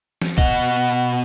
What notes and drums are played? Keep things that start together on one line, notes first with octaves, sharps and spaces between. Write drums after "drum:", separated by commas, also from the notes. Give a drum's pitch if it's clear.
drum: snare
B2 D#5 F#5, drum: kick